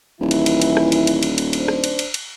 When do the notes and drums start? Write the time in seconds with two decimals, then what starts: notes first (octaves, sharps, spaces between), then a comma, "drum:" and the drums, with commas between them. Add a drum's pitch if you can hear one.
0.21 D#1 E3 E4
0.31 drum: cymbal
0.46 drum: cymbal
0.62 drum: cymbal
0.77 drum: rim click
0.92 drum: cymbal
1.07 drum: cymbal
1.23 drum: cymbal
1.38 drum: cymbal
1.53 D4 C5, drum: cymbal
1.68 drum: rim click
1.84 drum: cymbal
1.99 drum: cymbal
2.14 drum: cymbal